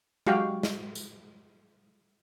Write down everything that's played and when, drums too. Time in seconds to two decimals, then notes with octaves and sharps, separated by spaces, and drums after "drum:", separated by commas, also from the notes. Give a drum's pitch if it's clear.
0.27 G#3 F#4 G4 F5 G5, drum: tom F#3
0.63 drum: snare
0.95 drum: tambourine